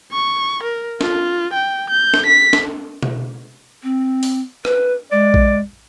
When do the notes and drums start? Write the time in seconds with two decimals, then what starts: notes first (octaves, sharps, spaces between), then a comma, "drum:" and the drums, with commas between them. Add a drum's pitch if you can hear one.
0.12 C#6
0.63 A#4
1.01 F4, drum: snare
1.54 G5
1.90 G6
2.14 drum: snare
2.26 B6
2.53 drum: snare
3.03 drum: tom B2
3.83 C4
4.23 drum: open hi-hat
4.65 B4, drum: rim click
5.12 G#3 D5
5.34 drum: kick A#1